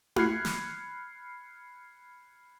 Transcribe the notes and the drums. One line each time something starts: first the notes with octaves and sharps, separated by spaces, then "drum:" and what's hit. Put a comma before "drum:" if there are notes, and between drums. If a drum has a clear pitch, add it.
B5 F6 F#6 G#6 C7 C#7, drum: tom E4
drum: snare